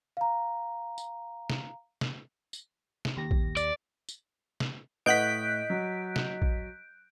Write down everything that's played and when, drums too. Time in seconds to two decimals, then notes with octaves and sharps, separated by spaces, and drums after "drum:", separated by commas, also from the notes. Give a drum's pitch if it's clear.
0.17 F5 A#5
0.98 drum: tambourine
1.50 drum: snare
2.01 drum: snare
2.53 drum: tambourine
3.05 drum: snare
3.17 D#2 G4 A#6
3.31 drum: kick A#1
3.57 D5, drum: tambourine
4.09 drum: tambourine
4.60 drum: snare
5.06 A2 B4 D#5 F#5 F#6 G6 B6 D7
5.70 F#3
6.16 drum: snare
6.42 drum: kick A#1